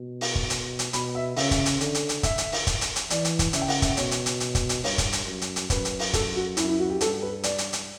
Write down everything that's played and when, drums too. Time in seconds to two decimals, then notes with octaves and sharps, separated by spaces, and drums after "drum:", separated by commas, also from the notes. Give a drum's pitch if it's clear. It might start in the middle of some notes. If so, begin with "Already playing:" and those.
Already playing: B2
0.21 drum: open hi-hat
0.35 drum: kick
0.50 drum: hi-hat
0.79 drum: hi-hat
0.93 B2 B5, drum: hi-hat
1.15 E5
1.36 C#3 E5, drum: open hi-hat
1.51 drum: kick, hi-hat
1.66 drum: hi-hat
1.81 D3, drum: hi-hat
1.95 drum: hi-hat
2.09 drum: hi-hat
2.23 E5, drum: kick, hi-hat
2.38 drum: hi-hat
2.52 drum: open hi-hat
2.67 drum: kick, hi-hat
2.81 drum: hi-hat
2.96 drum: hi-hat
3.10 E3 D5, drum: hi-hat
3.25 drum: hi-hat
3.39 drum: kick, hi-hat
3.53 C#3 E5, drum: hi-hat
3.62 G5
3.68 F#5, drum: open hi-hat
3.82 E5, drum: kick, hi-hat
3.97 B2 C#5, drum: hi-hat
4.11 drum: hi-hat
4.26 drum: hi-hat
4.40 drum: hi-hat
4.55 drum: kick, hi-hat
4.69 drum: hi-hat
4.84 G2 C#5, drum: open hi-hat
4.98 drum: kick, hi-hat
5.13 drum: hi-hat
5.27 F#2
5.41 drum: hi-hat
5.56 drum: hi-hat
5.70 F#2 B4, drum: kick, hi-hat
5.85 drum: hi-hat
5.99 drum: open hi-hat
6.13 A4, drum: kick, hi-hat
6.35 F#4
6.57 F#2 E4, drum: hi-hat
6.68 E4
6.79 F#4
6.90 G4
7.01 G2 A4, drum: hi-hat
7.22 B4
7.44 D5, drum: hi-hat
7.58 drum: hi-hat
7.73 drum: hi-hat